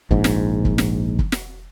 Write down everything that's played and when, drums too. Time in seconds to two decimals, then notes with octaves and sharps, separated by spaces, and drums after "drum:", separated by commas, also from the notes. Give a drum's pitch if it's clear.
0.11 A#1 G#2, drum: kick
0.24 drum: snare
0.65 drum: kick
0.78 drum: snare
1.19 drum: kick
1.32 drum: snare